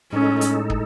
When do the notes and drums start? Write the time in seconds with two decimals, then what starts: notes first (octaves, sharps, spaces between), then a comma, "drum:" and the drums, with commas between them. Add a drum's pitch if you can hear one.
0.13 A2 G#3 C#4 D#4 A4
0.41 drum: hi-hat
0.70 drum: kick